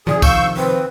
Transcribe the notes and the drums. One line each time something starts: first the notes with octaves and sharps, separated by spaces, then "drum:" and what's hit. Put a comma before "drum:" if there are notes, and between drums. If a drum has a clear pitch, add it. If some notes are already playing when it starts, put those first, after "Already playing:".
C3 D#3 F3 G#4 D5
F5 C#6 E6 G6, drum: kick, tambourine
C4 B4